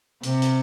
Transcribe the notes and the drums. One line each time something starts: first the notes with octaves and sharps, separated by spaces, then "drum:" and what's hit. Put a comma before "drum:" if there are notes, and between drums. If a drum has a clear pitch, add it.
C3, drum: hi-hat
drum: hi-hat